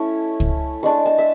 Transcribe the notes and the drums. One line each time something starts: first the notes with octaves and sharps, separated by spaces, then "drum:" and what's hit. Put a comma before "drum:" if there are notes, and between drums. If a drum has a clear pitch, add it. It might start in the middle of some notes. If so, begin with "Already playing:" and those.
Already playing: A3 C#4 E4 C#6
drum: kick
G#3 D4 C#6
A5
E5